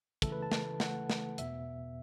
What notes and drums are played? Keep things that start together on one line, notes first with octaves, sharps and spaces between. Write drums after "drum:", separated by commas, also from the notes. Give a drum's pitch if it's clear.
C#3 E3 A3 E4 A4, drum: kick, hi-hat
B4
A5
drum: snare
F#5, drum: snare
drum: snare
E2 B2 B3 E5, drum: hi-hat